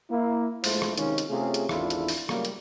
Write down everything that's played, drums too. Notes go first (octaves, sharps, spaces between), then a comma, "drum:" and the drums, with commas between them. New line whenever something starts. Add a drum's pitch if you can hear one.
A#3 E4
A#1 G#3 A3 E4 F4 C5, drum: open hi-hat
drum: rim click
C3 D#3 G#3 C#4 D#4 F4, drum: hi-hat
drum: hi-hat
C3 A3 C#4 F4 G#4
drum: hi-hat
G#1 E2 D4 E4 F4 A4, drum: rim click
drum: hi-hat
drum: open hi-hat
C#3 F#3 G3 A3 A#3, drum: rim click
drum: hi-hat